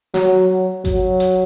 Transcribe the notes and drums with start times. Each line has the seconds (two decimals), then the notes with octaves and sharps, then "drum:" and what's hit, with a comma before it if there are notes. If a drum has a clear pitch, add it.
0.14 F#3, drum: snare
0.85 F#3, drum: kick G#1, hi-hat
1.20 drum: hi-hat